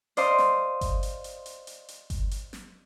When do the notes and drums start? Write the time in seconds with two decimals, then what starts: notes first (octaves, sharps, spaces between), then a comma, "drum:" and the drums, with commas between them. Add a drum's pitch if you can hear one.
0.17 C5 D5 D#5 F5 C6, drum: hi-hat
0.38 drum: snare
0.81 drum: kick G1, hi-hat
1.03 drum: hi-hat
1.24 drum: hi-hat
1.46 drum: hi-hat
1.67 drum: hi-hat
1.88 drum: hi-hat
2.10 drum: kick G1, hi-hat
2.31 drum: hi-hat
2.53 drum: snare